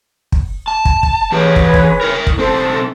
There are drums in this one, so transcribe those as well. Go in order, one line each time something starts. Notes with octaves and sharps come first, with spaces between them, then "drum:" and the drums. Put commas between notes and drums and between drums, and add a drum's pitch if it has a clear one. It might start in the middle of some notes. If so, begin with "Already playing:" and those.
drum: kick
A5
drum: kick
drum: kick
E3 G4 G#4 B4 C#5
drum: kick
drum: kick
E4 A#4
drum: kick
B1 C4 A4 C5